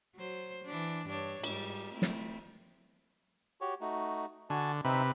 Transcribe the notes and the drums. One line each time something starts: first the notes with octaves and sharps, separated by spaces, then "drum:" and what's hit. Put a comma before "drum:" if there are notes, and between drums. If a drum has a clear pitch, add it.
F#3 C5
E3 D4
G2 D4 C#5
G#2 G3, drum: cymbal
A3 C4 E4
drum: snare
F#4 G4 C#5
A3 D#4 F#4
D3 F#4 G#5 A5
C3 C4 D#4 B4 E5